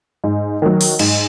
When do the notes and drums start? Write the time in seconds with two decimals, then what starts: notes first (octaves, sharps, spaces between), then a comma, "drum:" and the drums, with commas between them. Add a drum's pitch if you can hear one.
0.24 G#2
0.62 D#3 F#3
0.81 drum: open hi-hat
0.99 G#2, drum: cymbal